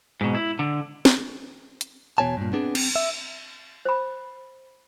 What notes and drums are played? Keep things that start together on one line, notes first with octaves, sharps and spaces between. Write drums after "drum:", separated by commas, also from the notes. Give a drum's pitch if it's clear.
G#2 B2
E4
D3
drum: snare
drum: hi-hat
E2 B2 C#4 C#5 G#5 A5
G2 A#2
B3 C4 D4 G#4
C4, drum: cymbal
E5
C5 B5